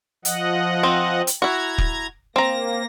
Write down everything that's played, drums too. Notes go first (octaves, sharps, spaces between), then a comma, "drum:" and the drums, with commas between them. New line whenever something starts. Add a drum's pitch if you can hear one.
F3 D#5 F#5, drum: hi-hat
C4
drum: hi-hat
E4 F#4 A#5 G#6
drum: kick
A#3 C4 A#5 A#6